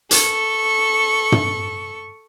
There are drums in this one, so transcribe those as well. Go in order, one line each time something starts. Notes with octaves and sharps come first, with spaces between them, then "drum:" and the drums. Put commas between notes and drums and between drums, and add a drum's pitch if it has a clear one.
A4 C#6, drum: hi-hat
drum: tom